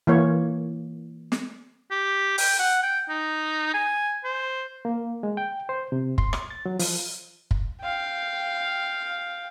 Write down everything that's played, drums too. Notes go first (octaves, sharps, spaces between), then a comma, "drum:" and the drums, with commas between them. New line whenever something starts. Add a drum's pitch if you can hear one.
E3 A#3 C#5
drum: snare
G4
G5, drum: open hi-hat
F#5
G5
D#4
G#5
C5
A#3
G#3
G5
C5
C3
C6, drum: kick F#1
drum: rim click
A6
F#3
F3, drum: open hi-hat
drum: kick F#1
F5 G5